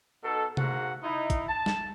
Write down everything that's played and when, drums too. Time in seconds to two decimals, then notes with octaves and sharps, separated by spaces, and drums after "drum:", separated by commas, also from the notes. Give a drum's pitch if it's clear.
0.24 B2 D#4 A4
0.57 G#2 A#3 F#4 F#5, drum: tom C3
1.02 D#4 E4
1.30 drum: kick, hi-hat
1.48 A5
1.66 drum: snare